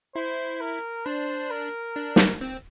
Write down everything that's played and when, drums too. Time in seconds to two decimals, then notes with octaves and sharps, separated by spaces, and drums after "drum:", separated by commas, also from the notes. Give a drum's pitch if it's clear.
0.15 E4 C5
0.61 A#4
1.06 D4 C5
1.51 A#4
1.96 D4
2.16 drum: snare
2.41 C4